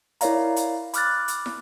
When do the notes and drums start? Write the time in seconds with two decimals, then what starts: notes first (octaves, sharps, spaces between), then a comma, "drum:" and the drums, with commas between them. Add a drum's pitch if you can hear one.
0.21 E4 A#4 C#5 D5 F5 A#5, drum: hi-hat
0.56 drum: hi-hat
0.94 B5 D6 F6 F#6 A6, drum: hi-hat
1.28 drum: hi-hat
1.46 drum: snare